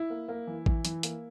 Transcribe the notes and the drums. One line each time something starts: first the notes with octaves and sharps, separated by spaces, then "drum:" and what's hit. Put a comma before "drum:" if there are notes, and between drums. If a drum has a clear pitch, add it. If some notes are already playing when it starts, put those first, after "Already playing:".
Already playing: E4
A#3
A#3
E3
E3, drum: kick A1
E3, drum: hi-hat
A#3, drum: hi-hat